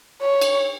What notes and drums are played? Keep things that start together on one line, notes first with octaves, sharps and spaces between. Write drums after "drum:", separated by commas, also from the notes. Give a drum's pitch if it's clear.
C#5
drum: cymbal